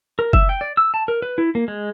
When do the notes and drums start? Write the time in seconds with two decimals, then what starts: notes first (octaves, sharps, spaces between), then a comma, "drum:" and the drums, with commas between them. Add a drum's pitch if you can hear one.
0.19 A#4
0.33 E5, drum: kick
0.49 G5
0.61 D5
0.77 E6
0.94 A5
1.08 A#4
1.22 B4
1.38 E4
1.55 A#3
1.68 G#3